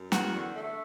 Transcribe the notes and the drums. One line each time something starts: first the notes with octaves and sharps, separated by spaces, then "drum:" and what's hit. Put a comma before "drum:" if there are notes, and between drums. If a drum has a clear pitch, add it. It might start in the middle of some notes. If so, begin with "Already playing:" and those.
Already playing: F#2
E2 F#4, drum: snare
D3
A3